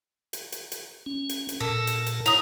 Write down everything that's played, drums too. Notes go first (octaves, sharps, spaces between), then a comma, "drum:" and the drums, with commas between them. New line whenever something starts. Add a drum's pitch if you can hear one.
drum: hi-hat
drum: hi-hat
drum: hi-hat
C#4
drum: hi-hat
drum: hi-hat
A#2 A4 A#4 A5
drum: hi-hat
drum: hi-hat
E4 C#5 A#5 D#6, drum: hi-hat